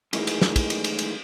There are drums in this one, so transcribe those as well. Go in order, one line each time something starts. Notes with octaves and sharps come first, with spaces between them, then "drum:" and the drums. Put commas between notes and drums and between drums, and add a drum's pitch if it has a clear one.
F#2 A2 D#3 E3 G3 G#3, drum: cymbal
drum: cymbal
drum: snare
drum: kick, cymbal
drum: cymbal
drum: cymbal
drum: cymbal